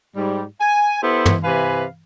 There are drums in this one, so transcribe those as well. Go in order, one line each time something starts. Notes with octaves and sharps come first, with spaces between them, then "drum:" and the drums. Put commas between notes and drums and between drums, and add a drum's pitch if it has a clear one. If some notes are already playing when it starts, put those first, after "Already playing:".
G#2 G3
G#5
B3 E4 G4 A4 C5
drum: tom
C3 E3 B4 F5 G#5 B5